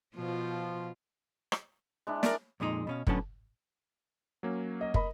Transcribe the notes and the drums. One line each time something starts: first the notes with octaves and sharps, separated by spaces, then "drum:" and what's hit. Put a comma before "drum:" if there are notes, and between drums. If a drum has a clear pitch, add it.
B2 F3 F4
drum: rim click
G#3 D4 E4
A#4 D5, drum: snare
F2 A#2 G#3 D#4
B2 C#4 F5
A2 D3 F#3 B3 C#4 A5, drum: kick
F#3 A#3 C#4
D#5
A#4 D#5 B5, drum: kick